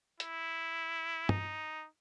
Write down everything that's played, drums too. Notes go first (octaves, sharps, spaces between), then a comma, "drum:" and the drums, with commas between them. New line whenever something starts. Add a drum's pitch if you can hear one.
E4, drum: hi-hat
D#4, drum: tom